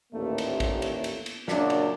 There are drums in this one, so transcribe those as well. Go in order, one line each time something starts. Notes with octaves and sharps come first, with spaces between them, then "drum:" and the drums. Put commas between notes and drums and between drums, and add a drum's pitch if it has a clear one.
A1 D#2 A#2 A3 A#3
drum: cymbal
drum: kick, cymbal
drum: cymbal
drum: cymbal
drum: cymbal
F#2 A#2 C#3 D4, drum: snare
drum: cymbal